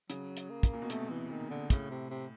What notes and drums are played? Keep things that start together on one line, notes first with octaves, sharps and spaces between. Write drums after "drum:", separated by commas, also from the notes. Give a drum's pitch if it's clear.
C#3 F#3, drum: hi-hat
drum: hi-hat
A#3
drum: kick, hi-hat
A#2
B2
C3 A3, drum: hi-hat
E3
A#2 D#3
D3
A2 C#3, drum: kick, hi-hat
C3
C3